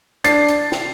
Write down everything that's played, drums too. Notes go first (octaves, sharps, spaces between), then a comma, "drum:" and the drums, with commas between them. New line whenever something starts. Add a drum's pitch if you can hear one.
D4 A6 C7, drum: hi-hat
drum: hi-hat
drum: snare